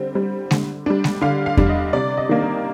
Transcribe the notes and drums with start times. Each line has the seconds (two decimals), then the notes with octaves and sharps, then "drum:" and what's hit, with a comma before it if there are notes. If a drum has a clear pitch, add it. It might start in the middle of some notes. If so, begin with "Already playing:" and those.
Already playing: D3 G3 C4
0.15 G3 C4
0.51 D3, drum: snare G#3
0.86 G3 D4
1.04 drum: snare G#3
1.21 D3 F5
1.46 F5
1.57 G3 D4, drum: kick E2
1.69 D#5
1.93 C3 D5
2.17 D#5
2.29 D#3 A#3 D4
2.42 A#4